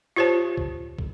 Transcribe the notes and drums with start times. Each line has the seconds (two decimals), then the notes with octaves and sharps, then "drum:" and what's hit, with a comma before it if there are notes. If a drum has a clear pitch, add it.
0.16 F4 G4 C5 C#5 A5
0.57 drum: kick
0.99 drum: kick